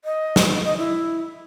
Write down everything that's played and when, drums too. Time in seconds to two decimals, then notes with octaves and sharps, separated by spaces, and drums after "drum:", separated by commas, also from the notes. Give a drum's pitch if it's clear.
0.05 D#5
0.36 drum: snare
0.64 D#5
0.78 E4